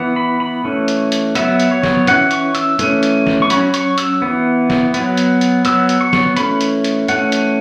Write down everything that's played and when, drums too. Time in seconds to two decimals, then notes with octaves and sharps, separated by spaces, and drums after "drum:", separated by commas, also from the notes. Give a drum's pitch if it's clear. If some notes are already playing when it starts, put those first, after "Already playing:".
Already playing: E3 B3
0.16 B5
0.40 B5
0.64 E3 A3 C#4
0.88 drum: hi-hat
1.12 drum: hi-hat
1.35 F#3 B3 E5, drum: hi-hat
1.60 drum: hi-hat
1.71 C#5
1.83 drum: snare
2.07 E3 C#4 F#5, drum: hi-hat
2.31 C#6, drum: hi-hat
2.55 E6, drum: hi-hat
2.79 E3 A3 C#4, drum: hi-hat
3.03 drum: hi-hat
3.27 drum: snare
3.42 C#6
3.50 F#3 C#4 B5, drum: hi-hat
3.74 C#6, drum: hi-hat
3.98 E6, drum: hi-hat
4.22 E3 B3
4.70 drum: snare
4.94 F#3 B3, drum: hi-hat
5.17 drum: hi-hat
5.41 drum: hi-hat
5.65 F#3 B3 E6, drum: hi-hat
5.89 drum: hi-hat
6.01 C#6
6.13 drum: snare
6.37 E3 A3 C#4 B5, drum: hi-hat
6.61 drum: hi-hat
6.84 drum: hi-hat
7.08 E3 A3 C#4 F#5, drum: hi-hat
7.32 drum: hi-hat